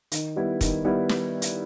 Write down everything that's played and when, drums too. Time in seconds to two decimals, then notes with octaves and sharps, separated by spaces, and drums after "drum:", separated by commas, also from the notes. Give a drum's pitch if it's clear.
0.12 D#3, drum: hi-hat
0.36 G3 B3 E4
0.61 D#3, drum: kick, hi-hat
0.85 G3 B3 E4
1.09 drum: snare
1.42 drum: hi-hat